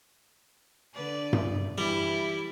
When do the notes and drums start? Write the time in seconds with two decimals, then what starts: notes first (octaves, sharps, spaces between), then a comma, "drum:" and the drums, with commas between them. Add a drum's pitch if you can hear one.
0.94 D3 B4 D5
1.33 drum: tom G2
1.78 E3 G3 E4